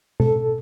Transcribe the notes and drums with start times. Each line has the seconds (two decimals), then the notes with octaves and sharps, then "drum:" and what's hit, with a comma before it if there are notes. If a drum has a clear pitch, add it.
0.20 A4, drum: tom B2